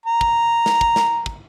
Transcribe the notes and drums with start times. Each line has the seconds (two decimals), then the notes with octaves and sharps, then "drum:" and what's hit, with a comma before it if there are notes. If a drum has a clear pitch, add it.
0.06 A#5
0.21 drum: kick
0.66 drum: snare
0.81 drum: kick
0.96 drum: snare
1.26 drum: kick